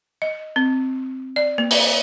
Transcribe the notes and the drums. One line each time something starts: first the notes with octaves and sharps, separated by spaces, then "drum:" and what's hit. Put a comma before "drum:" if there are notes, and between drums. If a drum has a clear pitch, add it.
D#5
C4
D5
A#3
drum: open hi-hat